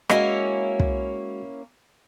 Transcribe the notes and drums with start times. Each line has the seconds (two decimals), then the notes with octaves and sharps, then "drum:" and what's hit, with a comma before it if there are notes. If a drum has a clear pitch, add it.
0.09 G#3 A#3 C#4 E4 F#4 D#5, drum: rim click
0.80 drum: kick